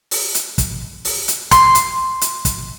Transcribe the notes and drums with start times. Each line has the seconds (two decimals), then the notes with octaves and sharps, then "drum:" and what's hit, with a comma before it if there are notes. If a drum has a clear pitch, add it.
0.11 drum: open hi-hat
0.35 drum: hi-hat
0.58 drum: kick, hi-hat
1.05 drum: open hi-hat
1.28 drum: hi-hat
1.51 C6, drum: kick, hi-hat
1.75 drum: hi-hat
2.21 drum: hi-hat
2.45 drum: kick, hi-hat